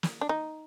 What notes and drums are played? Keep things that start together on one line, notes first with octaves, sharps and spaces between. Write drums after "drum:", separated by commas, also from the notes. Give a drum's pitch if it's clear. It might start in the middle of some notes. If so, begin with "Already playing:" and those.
drum: snare
D4
D#4